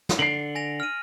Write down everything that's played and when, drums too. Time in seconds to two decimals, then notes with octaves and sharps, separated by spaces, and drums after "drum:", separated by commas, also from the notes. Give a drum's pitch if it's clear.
0.09 drum: snare
0.19 D3 A6 C7 D7 F#7
0.55 G#5 A#6 F7
0.80 F6 D#7